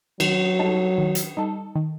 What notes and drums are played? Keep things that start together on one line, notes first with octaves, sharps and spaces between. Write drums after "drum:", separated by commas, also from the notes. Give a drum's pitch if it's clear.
D#3 F#3, drum: cymbal
G3 D#4 A4
D#3
drum: hi-hat
G3 D#4 A4
D#3